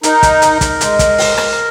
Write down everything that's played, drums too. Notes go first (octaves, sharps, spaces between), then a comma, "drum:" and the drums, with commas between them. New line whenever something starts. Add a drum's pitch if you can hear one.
D#4 A#4, drum: hi-hat
drum: kick, hi-hat
drum: hi-hat
drum: kick, hi-hat
G#3, drum: hi-hat
drum: kick, hi-hat
drum: open hi-hat
drum: rim click